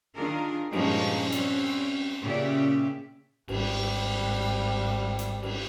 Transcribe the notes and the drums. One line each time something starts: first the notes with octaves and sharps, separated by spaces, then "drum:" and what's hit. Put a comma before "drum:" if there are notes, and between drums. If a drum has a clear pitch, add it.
D#3 D4 F4 G#4 A#4
G2 A#2 F3 G#3 C#4 D#4, drum: cymbal
G3 C4 C#4, drum: hi-hat
A#2 C#3 C#4 G4 D5 E5
G#1 G3, drum: cymbal
drum: hi-hat
drum: cymbal